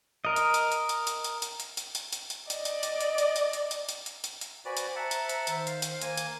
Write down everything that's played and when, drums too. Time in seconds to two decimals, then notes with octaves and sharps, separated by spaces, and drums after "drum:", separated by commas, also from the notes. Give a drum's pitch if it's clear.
0.25 A#4 D#5
0.36 drum: hi-hat
0.54 drum: hi-hat
0.72 drum: hi-hat
0.89 drum: hi-hat
1.07 drum: hi-hat
1.24 drum: hi-hat
1.42 drum: hi-hat
1.60 drum: hi-hat
1.77 drum: hi-hat
1.95 drum: hi-hat
2.12 drum: hi-hat
2.30 drum: hi-hat
2.50 D5 D#5, drum: hi-hat
2.65 drum: hi-hat
2.83 drum: hi-hat
3.01 drum: hi-hat
3.18 drum: hi-hat
3.36 drum: hi-hat
3.53 drum: hi-hat
3.71 drum: hi-hat
3.89 drum: hi-hat
4.06 drum: hi-hat
4.24 drum: hi-hat
4.41 drum: hi-hat
4.65 F#4 B4 C5 D5 G#5
4.77 drum: hi-hat
4.96 E5 F#5 A5 A#5
5.11 C5, drum: hi-hat
5.29 drum: hi-hat
5.47 D#3 C5, drum: hi-hat
5.67 F5, drum: hi-hat
5.82 drum: hi-hat
6.01 A#3 G#5, drum: hi-hat
6.17 drum: hi-hat